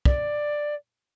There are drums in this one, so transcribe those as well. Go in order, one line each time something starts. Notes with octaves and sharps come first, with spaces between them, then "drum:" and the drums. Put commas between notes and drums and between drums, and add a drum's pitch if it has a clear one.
D5, drum: kick